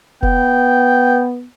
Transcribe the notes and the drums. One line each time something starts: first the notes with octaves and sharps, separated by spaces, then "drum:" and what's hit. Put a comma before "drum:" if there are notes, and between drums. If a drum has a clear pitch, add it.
B3 G5, drum: kick F1